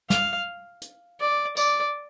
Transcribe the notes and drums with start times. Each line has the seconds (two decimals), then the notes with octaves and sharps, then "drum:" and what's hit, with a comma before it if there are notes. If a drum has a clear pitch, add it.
0.10 F5, drum: snare
0.82 drum: hi-hat
1.20 D5
1.57 D5, drum: tambourine